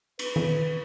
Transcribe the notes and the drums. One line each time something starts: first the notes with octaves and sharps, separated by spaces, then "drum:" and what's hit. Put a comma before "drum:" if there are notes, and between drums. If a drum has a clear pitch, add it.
B4, drum: cymbal
drum: tom D#3